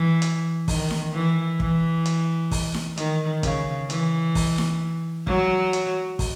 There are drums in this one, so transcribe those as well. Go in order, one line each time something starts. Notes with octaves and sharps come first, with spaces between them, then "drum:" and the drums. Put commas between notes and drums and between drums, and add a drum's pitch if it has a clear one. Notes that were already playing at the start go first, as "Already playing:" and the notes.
Already playing: E3
drum: hi-hat
D#3, drum: kick, open hi-hat
drum: snare D#4
E3
E3, drum: kick
drum: hi-hat
drum: kick, open hi-hat
drum: snare D#4
D#3, drum: hi-hat
C#3, drum: kick, hi-hat
E3, drum: hi-hat
drum: kick, open hi-hat
drum: snare D#4
F#3, drum: kick
drum: hi-hat
drum: kick, open hi-hat